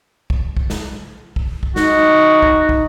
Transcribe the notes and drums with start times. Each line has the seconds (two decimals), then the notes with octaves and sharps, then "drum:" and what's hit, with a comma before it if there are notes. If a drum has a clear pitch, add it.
0.30 drum: kick
0.57 drum: kick
0.70 drum: snare
1.36 drum: kick
1.63 drum: kick
1.76 D#4 F#4, drum: snare
2.43 drum: kick
2.69 drum: kick